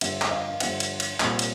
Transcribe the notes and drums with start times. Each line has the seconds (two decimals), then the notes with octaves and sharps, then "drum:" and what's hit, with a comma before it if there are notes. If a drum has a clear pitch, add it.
0.01 G2 D3 F3 E5 F#5, drum: cymbal
0.21 drum: clap
0.31 D#5 F5
0.48 F5
0.60 G2 D3 F3 E5 F#5, drum: cymbal
0.80 drum: cymbal
1.00 drum: cymbal
1.20 C2 A#2 F3, drum: clap
1.39 drum: cymbal